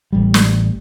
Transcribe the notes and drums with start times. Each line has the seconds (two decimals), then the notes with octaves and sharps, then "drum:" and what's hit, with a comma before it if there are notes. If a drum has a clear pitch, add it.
0.13 A1 G3
0.34 drum: snare